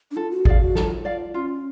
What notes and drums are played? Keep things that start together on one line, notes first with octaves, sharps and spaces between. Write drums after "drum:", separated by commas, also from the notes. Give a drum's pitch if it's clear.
D4
F4 A4
F#4
G#4 D5 F5, drum: kick G#1
F#4
F4 A4, drum: snare
D5 F5
C#4 F4